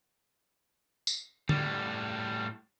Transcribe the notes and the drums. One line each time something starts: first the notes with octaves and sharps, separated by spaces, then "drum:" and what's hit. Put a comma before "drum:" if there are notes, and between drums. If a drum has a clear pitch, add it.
drum: tambourine
A2 G3, drum: tom D3